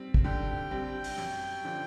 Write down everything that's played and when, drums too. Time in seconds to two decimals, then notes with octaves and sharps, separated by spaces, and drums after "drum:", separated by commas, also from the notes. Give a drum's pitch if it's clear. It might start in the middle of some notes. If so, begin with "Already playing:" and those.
Already playing: G3 C4
0.14 drum: kick
0.24 D3 G5
0.71 G3 C4
1.04 drum: open hi-hat
1.18 F#2
1.65 D3 F3